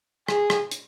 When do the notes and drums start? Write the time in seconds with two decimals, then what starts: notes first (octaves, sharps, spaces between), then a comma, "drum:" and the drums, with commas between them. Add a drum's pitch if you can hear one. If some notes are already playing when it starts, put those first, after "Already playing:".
0.28 G#4, drum: rim click
0.50 drum: rim click
0.71 drum: hi-hat